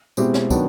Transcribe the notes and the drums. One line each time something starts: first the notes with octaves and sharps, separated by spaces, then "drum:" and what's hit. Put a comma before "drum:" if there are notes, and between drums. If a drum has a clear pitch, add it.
B2 G#3 C4 E4 G4, drum: tambourine
drum: snare
D#3 F#3 B3 D4, drum: kick, tambourine